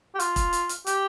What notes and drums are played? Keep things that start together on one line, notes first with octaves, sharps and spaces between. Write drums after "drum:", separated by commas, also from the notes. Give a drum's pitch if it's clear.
G4
F4, drum: hi-hat
drum: kick E1, hi-hat
drum: hi-hat
drum: hi-hat
G4, drum: hi-hat